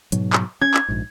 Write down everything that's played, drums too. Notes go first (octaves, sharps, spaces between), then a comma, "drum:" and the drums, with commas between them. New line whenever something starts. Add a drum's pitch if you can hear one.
G#2 B2 F#3, drum: hi-hat
drum: clap
C#4 G#6
drum: clap
A#1 G#2